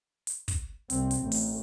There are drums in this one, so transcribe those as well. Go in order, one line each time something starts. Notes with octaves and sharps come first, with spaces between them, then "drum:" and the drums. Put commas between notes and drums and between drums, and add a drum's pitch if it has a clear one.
drum: hi-hat
drum: kick, hi-hat
C2 C4, drum: hi-hat
drum: hi-hat
A1
drum: open hi-hat